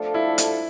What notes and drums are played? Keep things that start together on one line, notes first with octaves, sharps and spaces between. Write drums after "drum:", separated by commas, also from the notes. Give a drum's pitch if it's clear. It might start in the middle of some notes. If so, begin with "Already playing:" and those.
Already playing: F3 A3 D4 F4 A4
E4
E4, drum: hi-hat